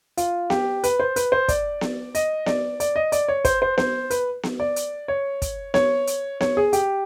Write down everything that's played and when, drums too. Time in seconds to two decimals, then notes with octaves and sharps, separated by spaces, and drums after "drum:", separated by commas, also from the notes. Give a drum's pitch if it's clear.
0.17 F4, drum: hi-hat
0.50 G4, drum: snare B3
0.84 B4, drum: hi-hat
1.00 C5
1.16 B4, drum: hi-hat
1.32 C5
1.49 D5, drum: kick, hi-hat
1.81 drum: snare B3
2.15 D#5, drum: hi-hat
2.46 D5, drum: snare B3
2.80 D5, drum: hi-hat
2.96 D#5
3.12 D5, drum: hi-hat
3.28 C#5
3.45 C5, drum: kick, hi-hat
3.62 C5
3.78 C5, drum: snare B3
4.10 B4, drum: hi-hat
4.43 drum: snare B3
4.60 D5
4.76 drum: hi-hat
5.08 C#5
5.42 drum: kick, hi-hat
5.74 C#5, drum: snare B3
6.07 drum: hi-hat
6.41 C#5, drum: snare B3
6.57 G#4
6.73 G4, drum: hi-hat